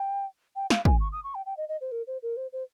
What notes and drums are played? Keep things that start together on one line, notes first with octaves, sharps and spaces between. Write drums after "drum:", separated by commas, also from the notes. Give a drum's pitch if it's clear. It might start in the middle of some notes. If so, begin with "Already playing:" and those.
Already playing: G5
G5
F5, drum: snare
G#5, drum: kick
C#6
D#6
C#6
G5
G5
D#5
D#5
C5
A#4
C5
A#4
C5
C5